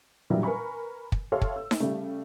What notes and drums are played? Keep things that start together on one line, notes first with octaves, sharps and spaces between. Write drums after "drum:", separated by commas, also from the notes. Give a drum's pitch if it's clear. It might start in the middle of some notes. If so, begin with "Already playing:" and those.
A#2 D3 E3 F#3 G3 E4
A#4 B4 G#5 B5 C#6
drum: kick
G4 A4 C#5 E5 F5 C6
drum: kick
E6
drum: snare D#4
C#3 G3 A3